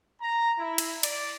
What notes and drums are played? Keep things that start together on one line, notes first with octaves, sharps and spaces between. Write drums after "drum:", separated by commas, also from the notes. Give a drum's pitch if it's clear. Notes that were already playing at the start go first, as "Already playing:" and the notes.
A#5
E4
drum: cymbal
D5, drum: cymbal